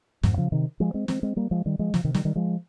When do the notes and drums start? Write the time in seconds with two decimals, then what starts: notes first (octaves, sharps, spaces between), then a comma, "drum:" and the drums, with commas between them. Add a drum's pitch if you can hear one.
0.23 F2 G#2, drum: snare
0.37 C#3 F3
0.52 C3 D#3
0.80 F3 G#3
0.94 G#3 C4
1.08 G#3 C4, drum: snare
1.23 G#3 C4
1.36 G3 A#3
1.51 F3 G#3
1.66 D#3 G3
1.79 F3 G#3
1.94 C#3 F3, drum: snare
2.04 C3 D#3
2.15 D#3 G3, drum: snare
2.25 D#3 G3
2.35 F3 G#3